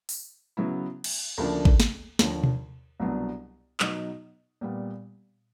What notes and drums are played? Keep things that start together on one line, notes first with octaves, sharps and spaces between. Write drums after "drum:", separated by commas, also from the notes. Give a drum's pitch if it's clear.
drum: open hi-hat
C#3 F#3 B3 E4
drum: cymbal
D2 C#3 F3 A#3 D4
drum: kick
drum: snare
D#2 D3 F3, drum: snare
drum: tom B2
C2 B2 F#3 B3 D4
B2 F#3 B3 D#4, drum: clap
A#2 G3 B3